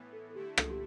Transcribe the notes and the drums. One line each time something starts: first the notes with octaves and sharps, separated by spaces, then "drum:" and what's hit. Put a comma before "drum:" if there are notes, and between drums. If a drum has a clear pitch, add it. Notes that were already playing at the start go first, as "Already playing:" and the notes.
Already playing: A2 E3 B3
A4
A4
D3 A3 E4 G4
A4, drum: rim click
G4